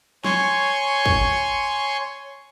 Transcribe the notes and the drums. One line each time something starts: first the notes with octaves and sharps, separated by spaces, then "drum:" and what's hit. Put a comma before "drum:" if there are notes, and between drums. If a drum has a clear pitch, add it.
C#5 G#5 C6 C#6, drum: snare
drum: kick